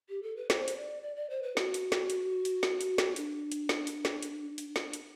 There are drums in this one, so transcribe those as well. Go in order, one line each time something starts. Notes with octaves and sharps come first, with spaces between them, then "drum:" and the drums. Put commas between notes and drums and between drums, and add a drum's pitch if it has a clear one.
G4
A4
B4
C5, drum: snare
drum: hi-hat
D5
D5
D5
C5
B4
F#4, drum: snare
drum: hi-hat
drum: snare
drum: hi-hat
drum: hi-hat
drum: snare
drum: hi-hat
drum: snare
D4, drum: hi-hat
drum: hi-hat
drum: snare
drum: hi-hat
drum: snare
drum: hi-hat
drum: hi-hat
drum: snare
drum: hi-hat